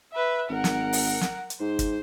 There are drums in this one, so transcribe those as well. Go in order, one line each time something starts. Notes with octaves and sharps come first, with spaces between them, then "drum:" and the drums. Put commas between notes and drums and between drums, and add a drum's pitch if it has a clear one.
B4 E5
G#1 A#4 F#5
drum: snare
drum: open hi-hat
drum: snare
drum: hi-hat
G#2 C5
drum: kick, hi-hat